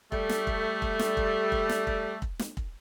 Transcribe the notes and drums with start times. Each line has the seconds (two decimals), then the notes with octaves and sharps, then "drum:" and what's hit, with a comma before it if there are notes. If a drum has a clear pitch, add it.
0.12 G3 A3, drum: kick
0.29 drum: snare
0.47 drum: kick
0.82 drum: kick
0.99 drum: snare
1.17 drum: kick
1.52 drum: kick
1.69 drum: snare
1.87 drum: kick
2.22 drum: kick
2.39 drum: snare
2.57 drum: kick